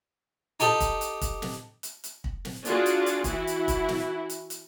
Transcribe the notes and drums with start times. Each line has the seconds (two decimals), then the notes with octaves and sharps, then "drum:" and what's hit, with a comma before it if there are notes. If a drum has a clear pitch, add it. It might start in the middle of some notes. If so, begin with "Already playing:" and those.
0.60 D#4 G4 A4, drum: hi-hat
0.80 drum: kick, hi-hat
1.01 drum: hi-hat
1.21 drum: kick, hi-hat
1.42 drum: snare
1.83 drum: hi-hat
2.04 drum: hi-hat
2.24 drum: kick
2.45 drum: snare
2.65 D4 F4 F#4 G#4, drum: hi-hat
2.86 drum: hi-hat
3.06 drum: hi-hat
3.24 E3 E4 F#4, drum: kick, hi-hat
3.47 drum: hi-hat
3.68 drum: kick, hi-hat
3.88 drum: snare
4.30 drum: hi-hat
4.50 drum: hi-hat